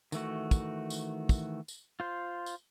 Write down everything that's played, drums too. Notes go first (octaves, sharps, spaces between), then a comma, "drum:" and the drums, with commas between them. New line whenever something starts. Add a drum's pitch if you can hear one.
D#3 E3 A3 F#4, drum: tambourine
drum: kick, tambourine
drum: tambourine
drum: kick, tambourine
drum: tambourine
F4 C5
drum: tambourine